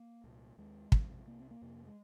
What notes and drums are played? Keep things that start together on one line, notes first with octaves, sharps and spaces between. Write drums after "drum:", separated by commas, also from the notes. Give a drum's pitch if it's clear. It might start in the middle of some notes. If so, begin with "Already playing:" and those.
Already playing: A#3
C2 A#2
D#2 G#3
F2 C3, drum: kick
C2 C3 A#3
C4
A#3
F2 C3
G#3